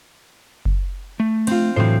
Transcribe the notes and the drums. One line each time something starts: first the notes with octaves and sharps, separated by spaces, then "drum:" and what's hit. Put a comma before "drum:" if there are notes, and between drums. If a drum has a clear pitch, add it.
drum: kick F#1
A3
C4 F4, drum: cymbal
A2 E3 F#3 C4 C5